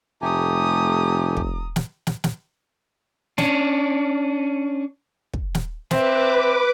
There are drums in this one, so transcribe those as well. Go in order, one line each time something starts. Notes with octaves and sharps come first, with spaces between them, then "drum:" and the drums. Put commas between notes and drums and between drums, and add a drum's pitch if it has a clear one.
F1 A3 G4 G#5 A#5 D#6
drum: kick
drum: snare
drum: snare
drum: snare
C#4 D4, drum: snare
drum: kick
drum: snare
C4 B4 E5 D6, drum: snare